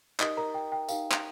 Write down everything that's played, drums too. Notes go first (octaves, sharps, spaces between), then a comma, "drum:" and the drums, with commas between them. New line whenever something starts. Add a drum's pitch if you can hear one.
D#4 G4 A#4 D#5 D#6, drum: clap
A#4 A#5
G5
G5
D#4 G4 A#4 F5, drum: tambourine
drum: clap